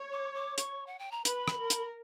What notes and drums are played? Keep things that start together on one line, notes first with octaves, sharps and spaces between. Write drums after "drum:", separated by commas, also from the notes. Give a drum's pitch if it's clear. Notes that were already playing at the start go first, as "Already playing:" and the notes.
Already playing: C#5
D6
D6
C#6, drum: hi-hat
F#5
G5
A#5
B4 B5, drum: hi-hat
drum: rim click
A#4
drum: hi-hat